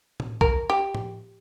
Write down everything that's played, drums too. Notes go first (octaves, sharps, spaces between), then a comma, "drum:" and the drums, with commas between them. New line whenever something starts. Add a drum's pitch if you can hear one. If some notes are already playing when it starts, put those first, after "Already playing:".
drum: tom A2
A#4, drum: kick
G4
drum: tom